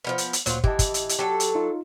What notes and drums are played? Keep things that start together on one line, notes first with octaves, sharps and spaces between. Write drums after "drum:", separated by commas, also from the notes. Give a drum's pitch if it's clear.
F3 G3 B3
drum: hi-hat
drum: hi-hat
D2 A#2 F#3 F4 C5, drum: hi-hat
E3 G4 D#5 A5, drum: kick
drum: kick, hi-hat
drum: hi-hat
drum: hi-hat
F#3 G4 A4 A5
drum: hi-hat
D#4 F4